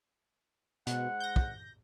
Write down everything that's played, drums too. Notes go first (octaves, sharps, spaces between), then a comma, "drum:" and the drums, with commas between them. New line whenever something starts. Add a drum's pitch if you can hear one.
G#2 B2 G#3 F#5, drum: hi-hat
G6 A#6
drum: kick